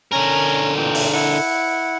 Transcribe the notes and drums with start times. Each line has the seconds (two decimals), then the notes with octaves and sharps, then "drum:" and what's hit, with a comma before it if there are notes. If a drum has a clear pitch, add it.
0.12 D3 C#4 A#4 G#5 A#5
0.77 A#2 E3 G5
0.95 drum: open hi-hat
1.13 E4 F#5